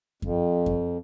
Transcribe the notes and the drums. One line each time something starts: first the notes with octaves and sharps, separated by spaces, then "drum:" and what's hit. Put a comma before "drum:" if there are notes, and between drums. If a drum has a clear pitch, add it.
F2, drum: kick F#2
drum: kick F#2